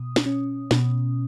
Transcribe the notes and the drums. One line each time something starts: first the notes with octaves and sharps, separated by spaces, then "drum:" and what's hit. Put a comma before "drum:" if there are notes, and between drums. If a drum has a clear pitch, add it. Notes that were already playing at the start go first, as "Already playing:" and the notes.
Already playing: B2 D#6
drum: snare
C#4
B2, drum: snare